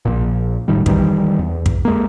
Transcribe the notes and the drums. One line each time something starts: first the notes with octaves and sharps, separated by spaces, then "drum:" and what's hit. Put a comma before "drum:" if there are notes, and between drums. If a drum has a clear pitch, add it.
A#1 A#2
E1 A2 D#3 G3
D#3 E3 F#3 G3, drum: kick
E2
drum: kick
G#3 A#3